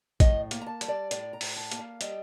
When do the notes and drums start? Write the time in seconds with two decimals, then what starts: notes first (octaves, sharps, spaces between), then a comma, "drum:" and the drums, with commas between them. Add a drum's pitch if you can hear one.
0.20 A2 D#5, drum: kick, hi-hat
0.51 A#3, drum: hi-hat
0.61 A#5
0.66 A5
0.81 G3, drum: hi-hat
0.88 D5
1.11 A2 D5, drum: hi-hat
1.33 A#5
1.41 A2, drum: open hi-hat
1.56 A5
1.71 A#3, drum: hi-hat
1.79 F5
2.01 G3 D#5, drum: hi-hat